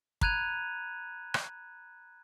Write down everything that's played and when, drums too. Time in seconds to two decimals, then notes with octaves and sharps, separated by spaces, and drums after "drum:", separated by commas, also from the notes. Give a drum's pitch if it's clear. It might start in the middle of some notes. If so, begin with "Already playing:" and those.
0.21 A#5 B5 F#6 G#6 D#7 F7, drum: kick
1.34 drum: rim click